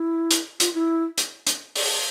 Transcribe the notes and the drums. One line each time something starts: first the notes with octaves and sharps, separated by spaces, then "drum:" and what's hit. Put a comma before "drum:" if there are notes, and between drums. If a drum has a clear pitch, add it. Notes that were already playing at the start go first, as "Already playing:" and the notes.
Already playing: E4
drum: hi-hat
F4, drum: hi-hat
E4
drum: hi-hat
drum: hi-hat
drum: open hi-hat